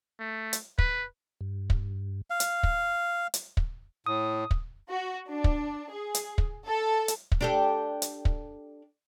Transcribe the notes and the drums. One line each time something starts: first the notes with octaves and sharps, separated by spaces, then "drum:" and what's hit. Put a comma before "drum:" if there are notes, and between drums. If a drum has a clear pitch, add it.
A3
drum: hi-hat
B4, drum: kick
G2
drum: kick
F5
drum: hi-hat
drum: kick
drum: hi-hat
drum: kick
A2 D#6
drum: kick
F#4
D4
drum: kick
G#4
drum: hi-hat
drum: kick
A4
drum: hi-hat
drum: kick
D4 G4 A4
drum: hi-hat
drum: kick